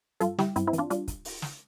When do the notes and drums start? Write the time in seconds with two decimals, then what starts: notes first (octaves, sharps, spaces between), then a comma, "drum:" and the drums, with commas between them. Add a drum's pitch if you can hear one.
0.20 G2 F4 A4, drum: hi-hat
0.38 G3 E4 G4, drum: snare
0.56 G2 C4 E4, drum: hi-hat
0.68 C4 E4
0.73 E3, drum: hi-hat
0.78 D4 F4
0.90 G3 D4 F4, drum: hi-hat
1.08 drum: kick, hi-hat
1.25 drum: open hi-hat
1.42 drum: snare